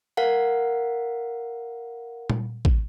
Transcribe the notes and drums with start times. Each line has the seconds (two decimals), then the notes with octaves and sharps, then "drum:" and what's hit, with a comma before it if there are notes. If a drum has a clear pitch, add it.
0.17 A#4 F5 F#5
2.30 drum: tom A#2
2.65 drum: kick